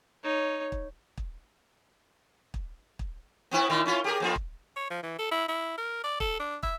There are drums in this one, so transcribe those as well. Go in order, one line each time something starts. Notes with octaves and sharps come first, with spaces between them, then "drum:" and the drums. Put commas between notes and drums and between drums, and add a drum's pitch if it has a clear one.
D#4 C#5
drum: kick
drum: kick
drum: kick
drum: kick
B3 C4 E4
A#2 D#3 E4
C#4 E4 F4
G4 G#4 A#4
F2 A#3 F4
drum: kick
C#5
F3
E3
A4
E4
E4
A#4
D5
A4, drum: kick
D4
E5, drum: kick